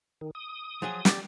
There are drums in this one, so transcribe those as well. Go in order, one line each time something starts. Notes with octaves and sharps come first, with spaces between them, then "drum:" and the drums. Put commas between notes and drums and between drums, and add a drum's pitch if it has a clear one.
D#3
D#6
F3 F#3 G#4
G4 D5, drum: snare